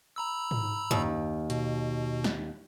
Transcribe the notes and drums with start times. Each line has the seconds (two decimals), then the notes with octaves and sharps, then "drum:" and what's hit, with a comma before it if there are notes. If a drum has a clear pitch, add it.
0.16 A#5 B5 E6
0.51 drum: tom G#2
0.91 D#2, drum: tom F#2
1.50 B2, drum: hi-hat
2.24 drum: snare